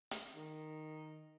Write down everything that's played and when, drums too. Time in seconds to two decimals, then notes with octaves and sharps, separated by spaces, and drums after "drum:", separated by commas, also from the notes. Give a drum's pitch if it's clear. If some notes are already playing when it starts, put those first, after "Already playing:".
0.11 drum: hi-hat
0.35 D#3